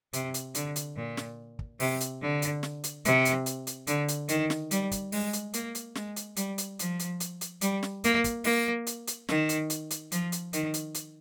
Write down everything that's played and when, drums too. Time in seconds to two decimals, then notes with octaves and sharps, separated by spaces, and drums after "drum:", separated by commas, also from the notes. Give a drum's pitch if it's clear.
0.13 C3, drum: hi-hat
0.34 drum: hi-hat
0.55 D3, drum: hi-hat
0.76 drum: hi-hat
0.96 A#2
1.17 drum: snare
1.59 drum: kick
1.80 C3, drum: open hi-hat
2.00 drum: hi-hat
2.22 D3
2.42 drum: hi-hat
2.63 drum: snare
2.84 drum: hi-hat
3.05 C3, drum: hi-hat
3.25 drum: hi-hat
3.46 drum: hi-hat
3.67 drum: hi-hat
3.87 D3, drum: hi-hat
4.08 drum: hi-hat
4.29 D#3, drum: hi-hat
4.50 drum: snare
4.71 G3, drum: hi-hat
4.92 drum: kick, hi-hat
5.12 G#3, drum: open hi-hat
5.33 drum: hi-hat
5.53 A#3, drum: hi-hat
5.75 drum: hi-hat
5.95 G#3, drum: snare
6.16 drum: hi-hat
6.36 G3, drum: hi-hat
6.58 drum: hi-hat
6.79 F3, drum: hi-hat
6.99 drum: hi-hat
7.20 drum: hi-hat
7.41 drum: hi-hat
7.61 G3, drum: hi-hat
7.83 drum: snare
8.04 A#3, drum: hi-hat
8.24 drum: kick, hi-hat
8.44 A#3, drum: open hi-hat
8.87 drum: hi-hat
9.07 drum: hi-hat
9.28 D#3, drum: snare
9.49 drum: hi-hat
9.70 drum: hi-hat
9.91 drum: hi-hat
10.12 F3, drum: hi-hat
10.32 drum: hi-hat
10.53 D#3, drum: hi-hat
10.74 drum: hi-hat
10.94 drum: hi-hat